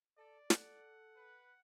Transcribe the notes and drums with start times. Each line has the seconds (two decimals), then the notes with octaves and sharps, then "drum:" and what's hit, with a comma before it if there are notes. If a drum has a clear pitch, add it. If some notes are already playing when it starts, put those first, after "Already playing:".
0.18 A4 D5
0.50 A4 F#5, drum: snare
1.16 B4